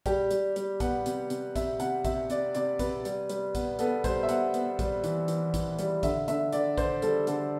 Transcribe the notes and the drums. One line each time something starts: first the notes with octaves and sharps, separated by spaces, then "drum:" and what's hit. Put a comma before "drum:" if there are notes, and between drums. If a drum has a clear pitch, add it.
G3 G4, drum: kick, hi-hat
G3, drum: hi-hat
G3, drum: hi-hat
B3 F#5, drum: kick, hi-hat
C3, drum: hi-hat
C3, drum: hi-hat
C3 E5, drum: kick, hi-hat
C3 F#5, drum: hi-hat
C3 E5, drum: kick, hi-hat
C3 D5, drum: hi-hat
C3 D5, drum: hi-hat
C3 B4, drum: kick, hi-hat
G3, drum: hi-hat
G3, drum: hi-hat
B3, drum: kick, hi-hat
B3 A4, drum: hi-hat
G3 C5, drum: kick, hi-hat
E5
B3 F#5, drum: hi-hat
B3, drum: hi-hat
G3, drum: kick, hi-hat
E3, drum: hi-hat
E3, drum: hi-hat
E3, drum: kick, hi-hat
G3, drum: hi-hat
D3 E5, drum: kick, hi-hat
D3 E5, drum: hi-hat
D3 D5, drum: hi-hat
D3 C5, drum: kick, hi-hat
G3 A4, drum: hi-hat
D3 A4, drum: hi-hat